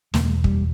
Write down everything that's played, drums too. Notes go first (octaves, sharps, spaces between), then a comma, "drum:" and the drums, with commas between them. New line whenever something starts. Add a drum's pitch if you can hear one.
E2 B2 A#3, drum: snare
A3
G#3
G3, drum: kick